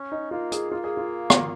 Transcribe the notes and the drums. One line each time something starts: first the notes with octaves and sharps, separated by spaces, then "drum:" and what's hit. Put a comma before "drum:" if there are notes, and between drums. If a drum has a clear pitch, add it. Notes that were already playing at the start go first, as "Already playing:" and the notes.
Already playing: C#4
D#4
A#3 F4
G#4, drum: hi-hat
A#3 F4
G#4
F4
drum: rim click